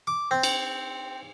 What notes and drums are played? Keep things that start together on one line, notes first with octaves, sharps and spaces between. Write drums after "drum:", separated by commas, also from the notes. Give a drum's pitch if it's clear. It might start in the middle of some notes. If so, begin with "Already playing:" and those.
D6
C4
drum: cymbal